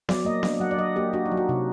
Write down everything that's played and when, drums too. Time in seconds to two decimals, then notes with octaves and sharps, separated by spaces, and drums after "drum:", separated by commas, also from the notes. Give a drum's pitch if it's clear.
0.09 F#3 D5, drum: snare B3
0.25 A#3 D#5
0.43 D4, drum: snare B3
0.60 F#3 F#5
0.71 D5
0.78 F#3 D#5
0.96 A#3 G4
1.13 D4 F#4
1.26 D#4
1.32 F#3
1.37 F#4
1.49 C3 D#4